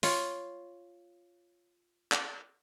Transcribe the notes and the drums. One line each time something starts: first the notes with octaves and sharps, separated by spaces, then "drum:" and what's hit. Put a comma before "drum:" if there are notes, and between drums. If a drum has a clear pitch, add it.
F4 C#5, drum: open hi-hat
drum: clap